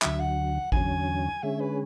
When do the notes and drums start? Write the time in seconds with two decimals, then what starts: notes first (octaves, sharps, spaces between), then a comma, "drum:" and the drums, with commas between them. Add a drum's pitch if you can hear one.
0.02 D2 D3 F#3 E5, drum: clap
0.20 F#5
0.72 E2 D3 F#3 C#4 G#5, drum: kick G#1
1.43 D3 G#3 C#4 G#4 E5
1.61 B4